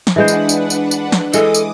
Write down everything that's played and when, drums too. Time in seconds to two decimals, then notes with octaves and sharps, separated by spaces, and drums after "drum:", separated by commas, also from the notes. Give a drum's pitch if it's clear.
0.07 drum: snare
0.16 E3 G#3 D4 B4 C5 F#5
0.28 drum: tambourine
0.49 drum: tambourine
0.70 drum: tambourine
0.91 drum: tambourine
1.12 drum: snare
1.33 E3 G#3 A4 D6 D#6, drum: tambourine
1.55 drum: tambourine